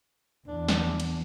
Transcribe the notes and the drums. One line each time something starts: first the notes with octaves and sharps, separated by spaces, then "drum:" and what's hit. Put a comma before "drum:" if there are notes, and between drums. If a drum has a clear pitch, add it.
E2 D4
drum: snare
drum: cymbal